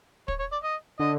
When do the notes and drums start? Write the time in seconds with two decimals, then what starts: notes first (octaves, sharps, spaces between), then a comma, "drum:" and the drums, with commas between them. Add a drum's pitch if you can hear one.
0.28 C#5, drum: kick
0.39 C#5
0.52 D5
0.64 D#5
1.00 D3 D#5